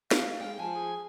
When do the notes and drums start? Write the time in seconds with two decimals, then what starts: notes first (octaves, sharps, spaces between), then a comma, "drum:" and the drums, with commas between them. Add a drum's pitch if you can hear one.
0.11 F5, drum: snare
0.41 G#3 G5
0.59 F3 G#5 A5
0.74 G#4